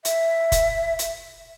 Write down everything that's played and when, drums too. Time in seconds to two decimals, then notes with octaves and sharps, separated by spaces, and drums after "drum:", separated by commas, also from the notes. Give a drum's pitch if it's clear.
0.05 E5, drum: hi-hat
0.52 drum: kick F1, hi-hat
0.99 drum: hi-hat